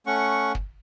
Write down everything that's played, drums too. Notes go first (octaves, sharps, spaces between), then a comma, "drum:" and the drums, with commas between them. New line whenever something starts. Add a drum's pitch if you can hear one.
A3 C#4 F#5 C#6
drum: kick